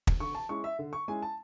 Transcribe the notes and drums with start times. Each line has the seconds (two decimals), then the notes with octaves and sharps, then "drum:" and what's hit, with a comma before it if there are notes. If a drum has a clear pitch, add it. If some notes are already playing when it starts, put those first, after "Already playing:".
0.07 drum: kick
0.20 D3 C#6
0.35 A5
0.49 G#3 C#4 E4 C#6
0.64 E5
0.79 D3
0.93 C#6
1.08 G#3 C#4 E4 G#5
1.22 A5